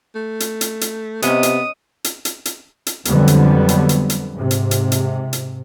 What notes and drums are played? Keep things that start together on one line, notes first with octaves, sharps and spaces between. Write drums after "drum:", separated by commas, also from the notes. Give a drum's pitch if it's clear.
A3
drum: hi-hat
drum: hi-hat
drum: hi-hat
C3 G#3 B3 C#4 D#6, drum: hi-hat
drum: hi-hat
drum: hi-hat
drum: hi-hat
drum: hi-hat
drum: hi-hat
F2 D3 F#3 G3 B3, drum: hi-hat
drum: hi-hat
drum: hi-hat
drum: hi-hat
drum: hi-hat
G#2 C3
drum: hi-hat
drum: hi-hat
drum: hi-hat
drum: hi-hat